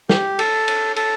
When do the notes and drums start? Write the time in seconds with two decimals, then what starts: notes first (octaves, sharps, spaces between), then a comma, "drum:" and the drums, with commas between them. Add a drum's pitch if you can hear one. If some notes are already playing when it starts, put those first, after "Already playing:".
0.09 G4, drum: snare
0.39 A4, drum: cymbal
0.68 drum: cymbal
0.96 A4, drum: cymbal